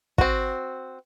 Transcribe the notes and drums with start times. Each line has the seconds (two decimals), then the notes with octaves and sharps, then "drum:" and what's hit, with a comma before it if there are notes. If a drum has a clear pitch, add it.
0.18 C4 F#4, drum: kick